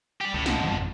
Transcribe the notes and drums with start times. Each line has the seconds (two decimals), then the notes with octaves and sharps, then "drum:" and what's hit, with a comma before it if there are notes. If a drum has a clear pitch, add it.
0.21 G4 D5
0.34 C#2 A2
0.46 B2 F3, drum: snare
0.59 G2 E3
0.72 G#1 F2